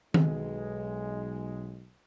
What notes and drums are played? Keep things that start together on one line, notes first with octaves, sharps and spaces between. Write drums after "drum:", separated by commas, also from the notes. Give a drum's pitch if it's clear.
B1 G#3, drum: tom D#3